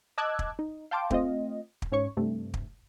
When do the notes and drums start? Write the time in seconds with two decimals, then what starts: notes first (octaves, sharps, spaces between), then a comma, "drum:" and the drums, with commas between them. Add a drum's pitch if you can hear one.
0.18 D#5 A5 D6 E6 F#6 G#6
0.39 drum: kick
0.59 D#4
0.91 F5 G5 A5 C6 D6
1.10 A3 C4 F4 D#5, drum: kick
1.82 drum: kick
1.92 G#2 C#4 C#5 C#6
2.17 G2 C3 A3
2.54 drum: kick